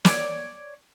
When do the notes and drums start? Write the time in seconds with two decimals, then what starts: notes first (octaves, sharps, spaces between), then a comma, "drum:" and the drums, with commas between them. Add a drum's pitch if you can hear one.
0.05 C#5 D5, drum: snare